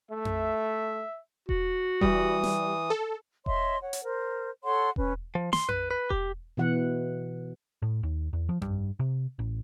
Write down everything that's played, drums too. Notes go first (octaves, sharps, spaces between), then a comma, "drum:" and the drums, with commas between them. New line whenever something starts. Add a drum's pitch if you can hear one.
A3 E5
drum: tom F2
F#4, drum: kick E1
E3 G3 D#6, drum: kick E1
drum: snare
A4
C#5 D#5 E5 C6, drum: kick E1
C#5 F#5
drum: hi-hat
A#4 C5
A4 C#5 F#5 C6
C#4 B4, drum: kick E1
F3
C6, drum: snare
B4, drum: tom F2
B4
G4, drum: kick E1
B2 E3 F#5
A2
D#2
E2
F3
G2, drum: tom F2
C3
A1